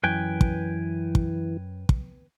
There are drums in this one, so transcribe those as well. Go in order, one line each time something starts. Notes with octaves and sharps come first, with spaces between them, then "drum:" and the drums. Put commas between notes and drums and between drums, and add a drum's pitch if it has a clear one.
F#2 E3 B4 G5 G#5
drum: kick
drum: kick
drum: kick